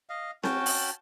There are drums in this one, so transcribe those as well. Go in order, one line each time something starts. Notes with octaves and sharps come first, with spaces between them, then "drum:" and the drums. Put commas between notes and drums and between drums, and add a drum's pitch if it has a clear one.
D#5 F5
C#4 F#4 G5 A5, drum: snare C4
drum: open hi-hat